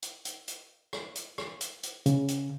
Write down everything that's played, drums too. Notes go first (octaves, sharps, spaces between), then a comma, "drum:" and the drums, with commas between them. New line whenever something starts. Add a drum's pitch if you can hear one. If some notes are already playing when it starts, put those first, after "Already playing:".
drum: hi-hat
drum: hi-hat
drum: hi-hat
drum: rim click
drum: hi-hat
drum: rim click
drum: hi-hat
drum: hi-hat
C#3, drum: hi-hat
drum: hi-hat